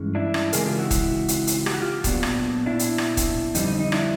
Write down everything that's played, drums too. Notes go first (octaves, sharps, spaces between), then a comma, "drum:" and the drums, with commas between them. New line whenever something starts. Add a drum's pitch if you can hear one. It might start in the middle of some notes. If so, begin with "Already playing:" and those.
Already playing: G2 E3 G#3 C#4
D4 E4
drum: rim click
C#3 E3 G#3 C4 G#4 A#4, drum: hi-hat
F4 G4
E4 F#4
drum: kick D#1, hi-hat
drum: hi-hat
drum: hi-hat
G4, drum: rim click
F#4
F4 G4
A#2 F#3 B3 D4, drum: kick D#1, hi-hat
drum: rim click
D4 E4
drum: hi-hat
drum: rim click
drum: kick D#1, hi-hat
F2 D3 G3 C4 D#4, drum: hi-hat
D#4
D#4
D4 E4, drum: rim click